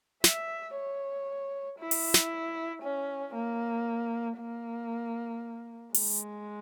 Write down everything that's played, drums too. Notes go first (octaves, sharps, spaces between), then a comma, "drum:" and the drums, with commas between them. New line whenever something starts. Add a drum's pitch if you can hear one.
E5, drum: snare
C#5
E4
drum: open hi-hat
drum: snare
C#4
A#3
A#3
G#3, drum: open hi-hat